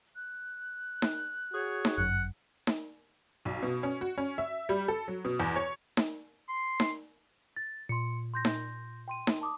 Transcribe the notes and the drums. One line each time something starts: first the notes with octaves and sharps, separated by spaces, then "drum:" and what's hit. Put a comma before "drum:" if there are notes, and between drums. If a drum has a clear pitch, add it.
F#6
drum: snare D#4
F#4 G#4 C#5
drum: snare D#4
G1 F#2 F#5
drum: snare D#4
B1
B2
C#4
F#4
C#4
E5
G3
A4
F#3
B2
E2
C#5
drum: snare D#4
C6
drum: snare D#4
A6
A#2 C6 C#7
C6 G6 A#6
drum: snare D#4
G5 C6 D#7
drum: snare D#4
A5 D6 D#6